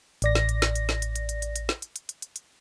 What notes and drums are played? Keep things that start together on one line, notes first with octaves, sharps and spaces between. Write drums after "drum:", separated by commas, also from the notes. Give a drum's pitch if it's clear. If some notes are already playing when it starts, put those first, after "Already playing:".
A1 D5 A#6, drum: hi-hat
drum: snare
drum: hi-hat
drum: snare
drum: hi-hat
drum: snare
drum: hi-hat
drum: hi-hat
drum: hi-hat
drum: hi-hat
drum: hi-hat
drum: snare
drum: hi-hat
drum: hi-hat
drum: hi-hat
drum: hi-hat
drum: hi-hat